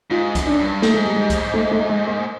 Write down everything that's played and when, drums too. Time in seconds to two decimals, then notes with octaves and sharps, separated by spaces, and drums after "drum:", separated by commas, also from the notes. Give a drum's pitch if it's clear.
0.10 G#2 F4
0.35 F#2, drum: kick C2, hi-hat
0.47 D4
0.59 G2
0.82 G#2 A3, drum: snare
0.94 G#3
1.05 G3
1.16 G#3
1.30 drum: kick C2, hi-hat
1.54 A3
1.71 A3
1.89 G#3
2.07 A#3